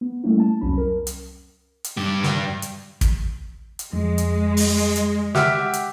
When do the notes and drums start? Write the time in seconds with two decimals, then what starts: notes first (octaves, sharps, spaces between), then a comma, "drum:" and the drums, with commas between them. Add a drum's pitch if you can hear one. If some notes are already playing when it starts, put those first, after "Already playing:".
0.01 B3
0.24 G3 A3 A#3 C#4 E4
0.40 A5
0.61 C2 F2 F#3 C#4 B5
0.78 A#4
1.07 drum: hi-hat
1.84 drum: hi-hat
1.97 G2 G4
2.23 drum: snare
2.62 drum: hi-hat
3.01 drum: kick, hi-hat
3.79 drum: hi-hat
3.93 F2 G#3
4.18 drum: hi-hat
4.57 drum: open hi-hat
4.96 drum: hi-hat
5.35 G4 E5 F#5 G5 D6 F6, drum: snare
5.73 drum: hi-hat